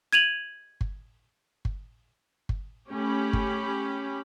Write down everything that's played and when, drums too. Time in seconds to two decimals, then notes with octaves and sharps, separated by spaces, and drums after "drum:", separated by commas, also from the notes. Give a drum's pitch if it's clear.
0.13 G#6 D#7 F7 F#7
0.81 drum: kick G1
1.65 drum: kick G1
2.49 drum: kick G1
2.91 A3 C#4 G4 B5
3.33 drum: kick G1